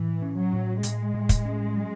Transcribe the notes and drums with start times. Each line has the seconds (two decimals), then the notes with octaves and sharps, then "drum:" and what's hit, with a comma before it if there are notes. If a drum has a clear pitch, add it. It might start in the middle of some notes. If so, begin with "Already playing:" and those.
Already playing: A2 E3
0.22 C#4
0.37 F#3
0.53 A2
0.83 A2 G#3, drum: hi-hat
1.14 A2
1.29 drum: kick, hi-hat
1.45 C#4
1.76 F#3